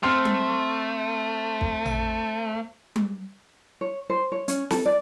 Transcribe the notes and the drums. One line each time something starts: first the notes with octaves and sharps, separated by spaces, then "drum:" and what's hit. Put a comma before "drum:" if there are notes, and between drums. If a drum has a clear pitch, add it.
A3 C4 C6 F6
drum: tom G3
drum: kick
drum: tom A1
drum: tom G3
C#5
C5
C#5
C#4, drum: hi-hat
A4, drum: snare
D5